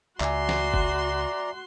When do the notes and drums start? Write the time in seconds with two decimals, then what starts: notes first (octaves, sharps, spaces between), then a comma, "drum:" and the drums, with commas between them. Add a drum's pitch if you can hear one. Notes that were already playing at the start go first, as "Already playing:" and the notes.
0.20 C#2 F#4 D5 E5 G#5 A#5 C6, drum: clap
0.49 drum: snare
0.74 drum: kick F#1